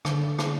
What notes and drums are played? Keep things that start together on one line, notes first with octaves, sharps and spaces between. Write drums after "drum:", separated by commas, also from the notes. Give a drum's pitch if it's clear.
D3, drum: rim click
drum: rim click